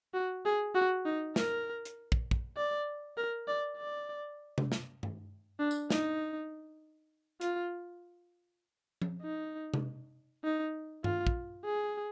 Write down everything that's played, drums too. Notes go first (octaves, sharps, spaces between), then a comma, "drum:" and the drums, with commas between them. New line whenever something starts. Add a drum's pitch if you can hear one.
F#4
G#4
F#4
D#4
A#4, drum: snare
drum: hi-hat
drum: kick
drum: kick
D5
A#4
D5
D5
drum: tom C3
drum: snare
drum: tom G2
D4
drum: tambourine
D#4, drum: snare
F4, drum: hi-hat
drum: tom F3
D#4
drum: tom C3
D#4
F4, drum: tom G2
drum: kick
G#4